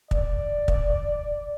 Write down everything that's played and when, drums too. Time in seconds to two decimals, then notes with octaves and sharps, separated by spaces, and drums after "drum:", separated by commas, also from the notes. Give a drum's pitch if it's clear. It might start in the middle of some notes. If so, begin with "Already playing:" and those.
0.11 D5, drum: kick
0.68 drum: kick